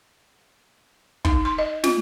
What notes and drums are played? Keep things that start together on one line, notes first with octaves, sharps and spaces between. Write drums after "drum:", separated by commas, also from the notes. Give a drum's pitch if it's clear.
D#4, drum: kick
C6
D#5
F4, drum: snare